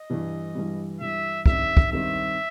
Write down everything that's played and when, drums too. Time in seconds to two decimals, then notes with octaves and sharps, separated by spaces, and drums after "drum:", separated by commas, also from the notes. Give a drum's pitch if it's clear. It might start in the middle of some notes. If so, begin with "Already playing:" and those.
Already playing: D#5
0.10 G2 E3 G3
0.55 G2 E3 G3
1.00 G2 E3 G3 E5
1.46 G2 D#3 G3 C4 E5, drum: kick
1.77 drum: kick
1.92 G2 D#3 G3 C4 E5